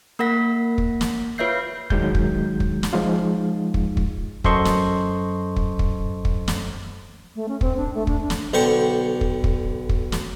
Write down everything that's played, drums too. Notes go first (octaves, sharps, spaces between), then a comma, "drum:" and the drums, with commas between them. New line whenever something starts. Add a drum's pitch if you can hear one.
A#3 A#4 F#5 A#6 B6
drum: kick
drum: snare
F4 B4 C#5 E5 G6 C7
D#3 F#3 G#3 G6, drum: kick
drum: kick
drum: kick
drum: snare
F3 G#3 D#4 F4
drum: kick
drum: kick
F#2 A4 C5 D#5 C6 C#6, drum: kick
drum: snare
drum: kick
drum: kick
drum: kick
drum: snare
A3
C#4
C4, drum: kick
D4
A3
D4, drum: kick
D4
drum: snare
B1 D3 C5 G5 C#6
drum: kick
drum: kick
drum: kick
drum: snare